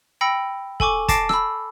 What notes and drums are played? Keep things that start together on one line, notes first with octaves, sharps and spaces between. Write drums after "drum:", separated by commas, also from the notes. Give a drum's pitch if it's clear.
G5 B5 E6 A#6 C#7
A4 G#5 C#6 D6, drum: kick
A5 D6 A6 A#6 C7 D7, drum: kick, hi-hat
B5 E6, drum: rim click